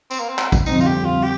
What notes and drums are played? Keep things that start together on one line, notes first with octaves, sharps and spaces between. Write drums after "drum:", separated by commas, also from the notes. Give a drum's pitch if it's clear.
C4, drum: tambourine
A#3
C4
drum: clap
drum: kick A#1, tambourine
F2 D3 G3 C4 D#4, drum: tambourine
F4, drum: tambourine
G4
F4
G4